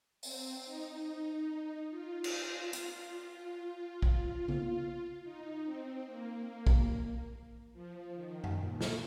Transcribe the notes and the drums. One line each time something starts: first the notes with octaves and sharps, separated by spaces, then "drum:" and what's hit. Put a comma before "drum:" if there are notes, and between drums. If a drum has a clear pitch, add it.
C4, drum: open hi-hat
D#4
F4
drum: cymbal
F4, drum: hi-hat
drum: kick A#1
drum: tom C#3
D#4
C4
A#3
drum: kick A#1
F3
D#3
drum: tom F#2
A#2
drum: snare